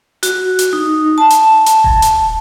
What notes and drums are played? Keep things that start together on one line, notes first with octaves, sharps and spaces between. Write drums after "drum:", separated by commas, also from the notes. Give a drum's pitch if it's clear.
F#4, drum: hi-hat
drum: hi-hat
D#4
A5
drum: hi-hat
drum: hi-hat
drum: kick D#1
drum: hi-hat